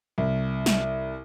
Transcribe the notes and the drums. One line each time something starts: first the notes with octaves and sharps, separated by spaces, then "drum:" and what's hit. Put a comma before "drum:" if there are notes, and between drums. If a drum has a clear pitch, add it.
C2
drum: snare